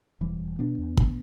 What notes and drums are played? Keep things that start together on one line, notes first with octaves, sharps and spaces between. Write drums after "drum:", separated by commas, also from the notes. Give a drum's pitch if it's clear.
E1 E3 G3
E1
B2 B3 D4
E2
drum: kick